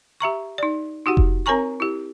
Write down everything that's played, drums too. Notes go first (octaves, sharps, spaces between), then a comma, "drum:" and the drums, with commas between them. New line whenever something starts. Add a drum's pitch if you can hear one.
G4 E5 A#5 C#6
D#4 D5
D#4 F#4 G4 F#5
drum: kick F1
C4 A#4 C#5 G#5 A#5 C#6
E4 G4